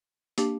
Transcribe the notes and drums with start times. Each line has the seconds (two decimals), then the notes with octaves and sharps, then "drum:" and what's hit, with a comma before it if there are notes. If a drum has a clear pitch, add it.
0.38 A#3 D4 G4, drum: hi-hat